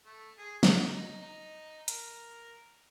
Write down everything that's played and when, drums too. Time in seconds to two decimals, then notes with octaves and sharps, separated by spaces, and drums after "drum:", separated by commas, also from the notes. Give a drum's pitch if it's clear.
0.06 A3
0.38 G#4
0.63 C#4, drum: snare
0.85 D#4
1.21 D#4
1.88 A#4, drum: hi-hat